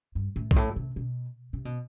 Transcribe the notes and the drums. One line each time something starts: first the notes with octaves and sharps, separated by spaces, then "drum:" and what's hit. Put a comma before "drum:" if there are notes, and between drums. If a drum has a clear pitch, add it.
G2
A2
G2, drum: kick
A2
C3
B2
C3
B2